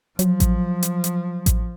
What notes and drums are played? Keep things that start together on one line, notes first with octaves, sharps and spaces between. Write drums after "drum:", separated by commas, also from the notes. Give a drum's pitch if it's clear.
F3 F#3, drum: hi-hat
drum: kick A1, hi-hat
drum: hi-hat
drum: hi-hat
drum: kick A1, hi-hat